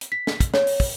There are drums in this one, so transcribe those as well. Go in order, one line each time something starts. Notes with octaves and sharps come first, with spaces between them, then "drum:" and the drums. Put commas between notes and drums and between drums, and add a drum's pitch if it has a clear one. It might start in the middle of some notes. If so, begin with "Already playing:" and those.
drum: hi-hat
B6
drum: snare
drum: kick, hi-hat
C#5, drum: snare
drum: open hi-hat
drum: kick, open hi-hat